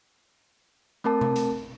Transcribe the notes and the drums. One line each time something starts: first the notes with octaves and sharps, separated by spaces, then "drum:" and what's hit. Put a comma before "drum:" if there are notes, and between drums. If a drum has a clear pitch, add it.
A3 C4 A#4 A5
drum: tom C3
drum: hi-hat